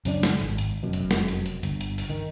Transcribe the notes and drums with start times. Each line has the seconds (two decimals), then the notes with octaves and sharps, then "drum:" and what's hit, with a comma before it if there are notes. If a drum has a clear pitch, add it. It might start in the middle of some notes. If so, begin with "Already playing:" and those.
0.05 F#2 C#3 C#4 D4, drum: open hi-hat
0.23 drum: snare
0.40 G#1, drum: hi-hat
0.58 drum: hi-hat
0.83 F1 F#2 B2
0.93 drum: hi-hat
1.11 drum: snare
1.28 drum: hi-hat
1.46 drum: hi-hat
1.63 G1, drum: hi-hat
1.81 drum: hi-hat
1.98 drum: open hi-hat
2.10 D#3